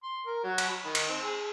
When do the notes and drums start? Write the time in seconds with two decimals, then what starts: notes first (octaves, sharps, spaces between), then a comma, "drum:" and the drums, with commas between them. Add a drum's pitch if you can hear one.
0.03 C6
0.26 A#4
0.43 F#3
0.58 drum: cymbal
0.68 B5
0.85 D#3
0.95 drum: cymbal
1.09 C4
1.23 G#4